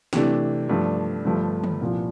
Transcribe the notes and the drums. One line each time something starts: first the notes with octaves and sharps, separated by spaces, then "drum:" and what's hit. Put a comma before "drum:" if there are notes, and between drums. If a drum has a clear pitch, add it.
C3 E3 A3 D4, drum: snare
G2 F3 A3 D4
G1 G2 F3 A3
drum: tom
C2 A#2 F3